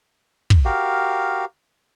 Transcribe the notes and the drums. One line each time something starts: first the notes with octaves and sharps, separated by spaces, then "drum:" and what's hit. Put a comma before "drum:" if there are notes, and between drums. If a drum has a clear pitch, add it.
drum: kick
F#4 G4 A#4 F5